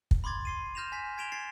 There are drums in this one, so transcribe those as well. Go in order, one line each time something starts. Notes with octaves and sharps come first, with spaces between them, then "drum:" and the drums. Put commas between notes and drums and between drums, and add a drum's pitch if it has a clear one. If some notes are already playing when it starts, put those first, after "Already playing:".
drum: kick
B5 C6 D6 G#6 A6
C6 C7 D#7
F6 G6 A#6 E7 F7
G#5 B6
G#6 B6 D7 E7 F7 G7
G#6 A6 C7